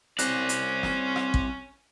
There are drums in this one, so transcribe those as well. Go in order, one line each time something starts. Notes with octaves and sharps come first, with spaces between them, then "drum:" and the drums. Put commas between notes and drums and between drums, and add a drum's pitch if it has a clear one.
C2 C3 C#4 C5 D5 F#6 A#6, drum: hi-hat
drum: hi-hat
drum: snare
drum: rim click
drum: kick